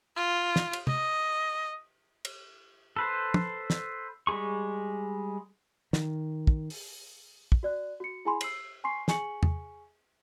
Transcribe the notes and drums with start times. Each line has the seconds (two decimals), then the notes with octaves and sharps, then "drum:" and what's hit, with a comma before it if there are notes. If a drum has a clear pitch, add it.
0.16 F4
0.56 drum: snare
0.73 drum: cymbal
0.87 D#5, drum: tom C3
2.25 drum: cymbal
2.96 A4 B4 C5
3.34 drum: tom
3.70 drum: snare
4.27 G3 G#3 G#4 C#6
5.93 D#3, drum: snare
6.47 drum: kick
6.70 drum: open hi-hat
7.52 drum: kick
7.63 F#4 D5 F#6
8.00 F#4 C#7
8.25 E4 G#4 G#5 B5 C6
8.41 E6 C7 F#7, drum: cymbal
8.84 G#5 C6 C#6 C7
9.08 G#4 G#5 C#6 C#7 F#7, drum: snare
9.43 drum: tom E2